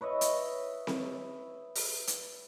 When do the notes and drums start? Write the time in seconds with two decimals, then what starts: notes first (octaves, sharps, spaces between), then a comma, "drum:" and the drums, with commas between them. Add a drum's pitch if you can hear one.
0.01 B4 C#5 D#5 E5
0.21 drum: hi-hat
0.87 drum: snare C4
1.75 drum: open hi-hat
2.07 drum: hi-hat